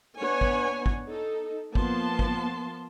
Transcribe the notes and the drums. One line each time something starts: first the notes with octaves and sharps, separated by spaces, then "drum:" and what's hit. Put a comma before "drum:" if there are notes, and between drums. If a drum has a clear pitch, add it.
B3 D4 B4 C#5 F#5 G#5
drum: kick
drum: kick
D#4 A4
F3 A#3 B3 A5 C6, drum: kick
drum: kick